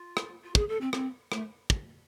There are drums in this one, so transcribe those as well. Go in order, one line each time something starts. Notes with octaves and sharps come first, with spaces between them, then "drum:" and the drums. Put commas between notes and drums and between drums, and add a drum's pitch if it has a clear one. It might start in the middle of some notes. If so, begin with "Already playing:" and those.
Already playing: F4
drum: rim click
F4
G#4, drum: kick
A4
C4
C4, drum: rim click
A3, drum: rim click
drum: kick